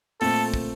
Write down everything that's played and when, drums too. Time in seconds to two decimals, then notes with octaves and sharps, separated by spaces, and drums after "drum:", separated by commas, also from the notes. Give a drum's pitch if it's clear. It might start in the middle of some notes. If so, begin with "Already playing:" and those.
0.21 A#2 A3 C4 A4, drum: open hi-hat
0.54 drum: kick